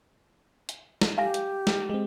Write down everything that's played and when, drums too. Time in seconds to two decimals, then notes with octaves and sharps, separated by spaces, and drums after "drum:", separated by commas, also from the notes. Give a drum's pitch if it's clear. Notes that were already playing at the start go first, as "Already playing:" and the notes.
0.69 drum: hi-hat
1.01 drum: snare
1.18 G4 F5 G#5 A#6
1.34 drum: hi-hat
1.67 drum: snare
1.89 G#3 C4